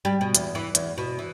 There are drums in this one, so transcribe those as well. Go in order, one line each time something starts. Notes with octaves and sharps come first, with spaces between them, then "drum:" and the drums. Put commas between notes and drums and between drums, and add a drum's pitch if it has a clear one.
G3
B2
E2, drum: hi-hat
E3
E2, drum: hi-hat
B2
E3